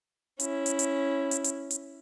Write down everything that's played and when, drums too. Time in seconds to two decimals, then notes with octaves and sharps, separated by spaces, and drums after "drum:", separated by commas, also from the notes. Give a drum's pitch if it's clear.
0.40 C#4 E4, drum: hi-hat
0.66 drum: hi-hat
0.79 drum: hi-hat
1.31 drum: hi-hat
1.44 drum: hi-hat
1.71 drum: hi-hat